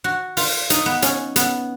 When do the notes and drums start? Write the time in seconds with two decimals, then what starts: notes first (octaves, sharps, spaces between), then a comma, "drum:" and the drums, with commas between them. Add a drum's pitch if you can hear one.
0.04 F#4
0.37 F4, drum: open hi-hat
0.70 D#4, drum: hi-hat
0.86 B3
1.02 C#4, drum: hi-hat
1.36 B3, drum: hi-hat